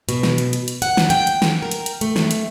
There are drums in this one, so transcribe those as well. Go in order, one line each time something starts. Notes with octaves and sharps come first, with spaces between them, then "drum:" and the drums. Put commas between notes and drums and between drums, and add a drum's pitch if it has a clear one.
B2, drum: hi-hat
drum: snare
drum: hi-hat
drum: hi-hat
drum: hi-hat
F#5, drum: hi-hat
drum: snare
G5, drum: hi-hat
drum: hi-hat
drum: snare
A#4
drum: hi-hat
drum: hi-hat
A3, drum: hi-hat
drum: snare
drum: hi-hat